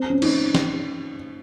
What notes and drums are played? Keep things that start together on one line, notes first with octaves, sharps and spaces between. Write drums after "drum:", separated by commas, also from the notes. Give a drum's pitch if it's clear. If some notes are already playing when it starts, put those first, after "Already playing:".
Already playing: C4
C#4
D#4, drum: cymbal
drum: snare